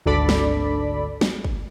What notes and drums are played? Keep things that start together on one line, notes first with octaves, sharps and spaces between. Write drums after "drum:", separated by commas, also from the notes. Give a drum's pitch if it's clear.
G#1 D2 D4 A4 D5 B5
drum: snare
drum: snare
drum: kick